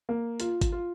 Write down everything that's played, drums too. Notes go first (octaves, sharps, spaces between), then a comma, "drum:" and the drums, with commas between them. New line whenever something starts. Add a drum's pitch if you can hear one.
A#3
F4, drum: hi-hat
drum: kick G#1, hi-hat
F4